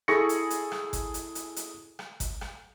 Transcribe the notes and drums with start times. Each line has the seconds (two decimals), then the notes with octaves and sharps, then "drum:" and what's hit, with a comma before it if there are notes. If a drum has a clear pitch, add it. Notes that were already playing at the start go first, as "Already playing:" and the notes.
0.08 E4 G#4 A4 C#6 A#6 C#7, drum: rim click
0.29 drum: hi-hat
0.50 drum: hi-hat
0.72 drum: rim click
0.93 drum: kick G1, hi-hat
1.14 drum: hi-hat
1.35 drum: hi-hat
1.56 drum: hi-hat
1.99 drum: rim click
2.20 drum: kick G1, hi-hat
2.41 drum: rim click